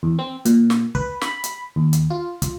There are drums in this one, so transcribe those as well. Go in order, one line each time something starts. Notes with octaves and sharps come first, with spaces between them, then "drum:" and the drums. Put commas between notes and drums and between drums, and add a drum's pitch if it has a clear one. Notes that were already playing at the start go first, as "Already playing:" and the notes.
E2
C4
A#2, drum: hi-hat
drum: snare
B4, drum: kick
B5, drum: snare
drum: hi-hat
D#2
drum: hi-hat
F4
drum: kick, hi-hat